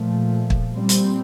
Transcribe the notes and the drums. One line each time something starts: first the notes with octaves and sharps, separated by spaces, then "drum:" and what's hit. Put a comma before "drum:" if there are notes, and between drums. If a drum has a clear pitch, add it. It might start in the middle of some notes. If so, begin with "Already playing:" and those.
Already playing: A#2 F3 A3
drum: kick
A#2 G3 C4
drum: hi-hat